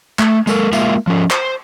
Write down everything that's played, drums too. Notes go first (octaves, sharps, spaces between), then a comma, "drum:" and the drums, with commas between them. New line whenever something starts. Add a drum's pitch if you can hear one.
A3, drum: clap
G#3 A4 A#4, drum: tambourine
G#3 A#3 F4 E5, drum: tambourine
F3 C#4
C5, drum: clap